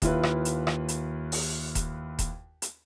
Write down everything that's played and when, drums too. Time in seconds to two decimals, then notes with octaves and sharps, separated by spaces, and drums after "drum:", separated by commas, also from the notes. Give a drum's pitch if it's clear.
0.02 D#2 E4 F4 B4, drum: kick E1, hi-hat
0.23 drum: rim click
0.45 drum: hi-hat
0.67 drum: rim click
0.88 drum: hi-hat
1.32 drum: open hi-hat
1.75 drum: kick E1, hi-hat
2.19 drum: kick E1, hi-hat
2.62 drum: hi-hat